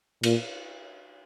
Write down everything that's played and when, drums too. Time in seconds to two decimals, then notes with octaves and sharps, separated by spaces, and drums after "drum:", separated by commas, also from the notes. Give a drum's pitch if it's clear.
0.24 A#2, drum: cymbal